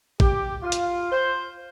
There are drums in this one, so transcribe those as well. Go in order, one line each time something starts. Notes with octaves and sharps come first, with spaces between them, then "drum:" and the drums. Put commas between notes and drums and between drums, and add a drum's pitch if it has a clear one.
G4, drum: kick
F4
drum: hi-hat
C5